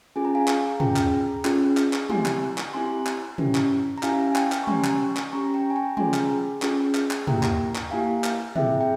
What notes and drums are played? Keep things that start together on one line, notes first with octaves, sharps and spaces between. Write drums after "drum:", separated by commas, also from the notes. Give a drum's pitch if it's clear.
C#4 F4 G#4 G#5
A#5
F5 G#5
drum: clap
C#4 F4 G#4 G5 A#5, drum: tom
drum: clap
C#4 F4 G#4, drum: clap
drum: clap
drum: clap
C4 E4 G4 G#5 C6, drum: tom
drum: clap
drum: clap
C4 E4 G4 G#5 C6
drum: clap
C#4 E4 G4, drum: tom
drum: clap
A#5
C#4 E4 G4 F5 G#5, drum: clap
G#5
G5 A#5, drum: clap
drum: clap
C#6
C#4 G4 G#5 C6, drum: tom
drum: clap
drum: clap
C#4 G4 A#5 C#6
G5 A#5
G#5
G5 A#5
C#4 F4 G#4 G#5 C6, drum: tom
drum: clap
C#4 F4 G#4, drum: clap
drum: clap
drum: clap
A#3 E4 G4 G5 A#5, drum: tom
drum: clap
drum: clap
A#3 E4 G4 F5 G#5
drum: clap
C4 E4 G#4 E5 G5, drum: tom
G5